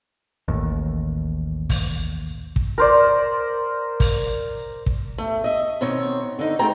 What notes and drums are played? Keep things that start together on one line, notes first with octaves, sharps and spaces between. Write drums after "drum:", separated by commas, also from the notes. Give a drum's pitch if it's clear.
A1 D#2
drum: kick, open hi-hat
drum: kick
A#4 C5 D5
drum: kick, open hi-hat
drum: kick
A3
D#5 E5
B2 D#3 C4 C#5
D3 D#4
G#3 A3 C4 F#4 G5 A#5